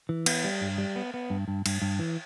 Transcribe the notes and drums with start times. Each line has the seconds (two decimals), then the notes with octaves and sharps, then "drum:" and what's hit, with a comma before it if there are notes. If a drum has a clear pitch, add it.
0.09 E3
0.26 B3, drum: cymbal
0.44 G3
0.61 G2
0.78 G3
0.96 B3
1.14 B3
1.30 G2
1.48 G2
1.66 G2, drum: cymbal
1.82 G2
1.99 E3